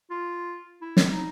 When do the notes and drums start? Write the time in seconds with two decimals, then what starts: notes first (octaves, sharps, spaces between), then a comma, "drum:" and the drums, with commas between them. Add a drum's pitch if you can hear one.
0.10 F4
0.81 E4
0.97 drum: snare
1.10 D#4